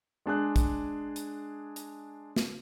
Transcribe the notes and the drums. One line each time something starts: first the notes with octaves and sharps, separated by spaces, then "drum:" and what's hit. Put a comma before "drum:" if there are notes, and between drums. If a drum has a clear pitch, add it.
G#3 D4 G#4 F#6
drum: kick, hi-hat
drum: hi-hat
drum: hi-hat
drum: snare